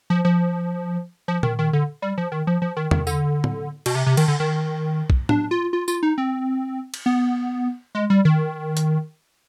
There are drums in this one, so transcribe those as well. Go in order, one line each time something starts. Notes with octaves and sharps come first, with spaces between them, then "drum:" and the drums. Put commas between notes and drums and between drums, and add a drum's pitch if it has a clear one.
F3
F3
F3
D#3, drum: tom A#2
D#3
D3
G3
F3
D#3
F3
F3
D#3
D#3, drum: tom
D3, drum: tambourine
drum: tom
B2, drum: cymbal
C3
C3
D#3, drum: cymbal
D3
D#3
drum: kick
D4, drum: tom
F4
F4
F4, drum: tambourine
D#4
C4
drum: cymbal
B3
G#3
G3
D#3
drum: hi-hat